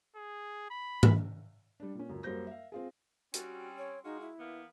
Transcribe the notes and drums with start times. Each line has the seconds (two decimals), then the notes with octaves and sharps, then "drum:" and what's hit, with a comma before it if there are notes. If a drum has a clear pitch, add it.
0.16 G#4
0.71 B5
1.03 drum: tom G#2
1.80 G3 D4
1.95 A#2 C#4
2.09 C#2 F#2
2.23 F#2 G3 A#3 C5 G6 A#6
2.47 E5 F5
2.72 C4 F4 G#4
3.34 G3 C4 C#4 F#4, drum: hi-hat
3.78 C#5
4.05 G#3 D#4 F4 F#4
4.21 E4
4.40 E3 A#3 B3